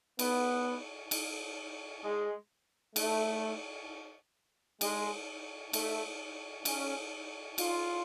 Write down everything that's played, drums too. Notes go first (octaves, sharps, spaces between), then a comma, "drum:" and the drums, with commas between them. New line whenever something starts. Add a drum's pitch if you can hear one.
B3, drum: cymbal
drum: cymbal
G#3
A3, drum: cymbal
G#3, drum: cymbal
A3, drum: cymbal
C#4, drum: cymbal
F4, drum: cymbal